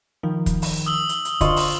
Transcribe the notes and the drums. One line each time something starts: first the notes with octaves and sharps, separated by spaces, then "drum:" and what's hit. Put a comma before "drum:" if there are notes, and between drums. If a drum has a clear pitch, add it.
D#3 F3
drum: kick, hi-hat
drum: open hi-hat
D#6 E6 F#7
drum: hi-hat
drum: hi-hat
D3 F4 C5 D#5 C#6, drum: kick, hi-hat
drum: open hi-hat